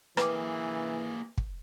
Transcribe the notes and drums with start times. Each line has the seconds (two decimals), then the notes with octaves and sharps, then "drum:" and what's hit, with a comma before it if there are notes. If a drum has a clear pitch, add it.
0.17 E3 A#3 G#4 B4 G5 D6, drum: rim click
1.38 drum: kick